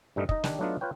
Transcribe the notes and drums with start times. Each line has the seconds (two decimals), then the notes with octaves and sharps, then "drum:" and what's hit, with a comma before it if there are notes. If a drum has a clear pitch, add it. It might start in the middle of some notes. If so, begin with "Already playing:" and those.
0.16 G2 G3 A3 D#4 A#4
0.29 D#4 D#5, drum: kick
0.44 D#3 D4 G4, drum: snare
0.59 F#3 A3 B3 D4 D#4 F4
0.81 F4 B4 C#5 G5